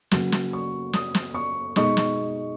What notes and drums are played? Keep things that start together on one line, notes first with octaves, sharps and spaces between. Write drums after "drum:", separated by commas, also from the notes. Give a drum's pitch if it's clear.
C#3 F#3 A#3 C#4, drum: snare
drum: snare
C#6
D#6, drum: snare
drum: snare
C#6
B2 G#3 D#4 C#6, drum: snare
drum: snare